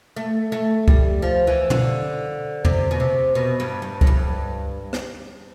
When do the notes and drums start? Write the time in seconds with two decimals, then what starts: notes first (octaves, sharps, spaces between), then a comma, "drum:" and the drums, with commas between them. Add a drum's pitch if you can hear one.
0.16 A3
0.52 A3
0.88 G3, drum: kick C#2
1.22 F3
1.47 E3
1.70 D3, drum: tom
2.65 C3, drum: tom E2
2.91 B2
3.00 C3
3.35 B2
3.60 G2
3.82 G2
4.01 A2, drum: kick C#2
4.07 G2
4.93 drum: rim click